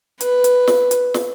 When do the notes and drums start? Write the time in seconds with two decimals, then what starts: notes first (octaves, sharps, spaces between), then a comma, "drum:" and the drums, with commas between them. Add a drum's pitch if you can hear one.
0.21 B4, drum: hi-hat
0.44 drum: hi-hat
0.67 drum: snare
0.91 drum: hi-hat
1.14 drum: snare